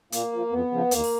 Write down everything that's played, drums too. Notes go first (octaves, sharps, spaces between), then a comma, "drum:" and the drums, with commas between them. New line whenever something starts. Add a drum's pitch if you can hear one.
A#2 A#3, drum: hi-hat
F3
F2 B3
C#3 F3
D#2 A#3, drum: hi-hat
drum: open hi-hat